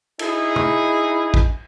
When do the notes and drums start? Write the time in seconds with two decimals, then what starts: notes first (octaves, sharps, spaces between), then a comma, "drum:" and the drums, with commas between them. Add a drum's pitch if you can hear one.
0.19 D#4 E4 G#4, drum: cymbal
0.56 drum: tom
1.34 drum: kick